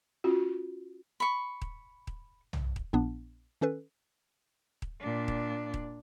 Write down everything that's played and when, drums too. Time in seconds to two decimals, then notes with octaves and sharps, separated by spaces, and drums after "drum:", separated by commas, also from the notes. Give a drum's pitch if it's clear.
0.24 C#4 F4 F#4
1.20 B5 C#6
1.62 drum: kick D#1
2.07 drum: kick D#1
2.53 drum: tom B1
2.76 drum: kick D#1
2.93 A#1 A#2 B3 D4
3.61 D#3 C#4 A4 B4
4.82 drum: kick D#1
5.01 A#2 D4
5.28 drum: kick D#1
5.74 drum: kick D#1